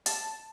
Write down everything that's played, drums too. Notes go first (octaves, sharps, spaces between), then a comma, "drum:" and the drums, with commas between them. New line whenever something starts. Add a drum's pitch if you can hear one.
A5, drum: hi-hat